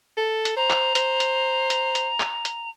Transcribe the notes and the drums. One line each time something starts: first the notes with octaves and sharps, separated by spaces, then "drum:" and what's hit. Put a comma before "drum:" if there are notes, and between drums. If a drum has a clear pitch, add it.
A4
drum: hi-hat
C5 A#5
drum: clap
C5, drum: hi-hat
drum: hi-hat
drum: hi-hat
drum: hi-hat
drum: clap
drum: hi-hat